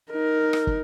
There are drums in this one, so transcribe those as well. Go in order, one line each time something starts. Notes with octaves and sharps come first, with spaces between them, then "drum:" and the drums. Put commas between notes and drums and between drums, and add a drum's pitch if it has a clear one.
D#4 A#4
drum: rim click
drum: kick